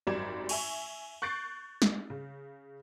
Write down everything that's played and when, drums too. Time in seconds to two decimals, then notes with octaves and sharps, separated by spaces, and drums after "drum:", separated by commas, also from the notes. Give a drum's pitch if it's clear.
0.07 G#1 F#2 G3 D5 G#6 E7
0.49 E5 G#5 C#6, drum: cymbal
1.22 C#6 F#6 G6 A6 C7 D7
1.82 drum: snare
2.10 C#3